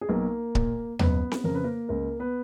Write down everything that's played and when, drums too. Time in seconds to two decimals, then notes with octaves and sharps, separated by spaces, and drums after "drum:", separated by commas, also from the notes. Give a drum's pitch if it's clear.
0.01 G#4
0.09 B1 A#3 A#4
0.55 A#2, drum: kick C#1
0.99 F#1 B3 B4, drum: tom D#2
1.31 drum: snare C4
1.44 F2 C#3 A#4
1.55 B4
1.64 A#3 A#4
1.89 C#2 A#3 A#4
2.19 B3 B4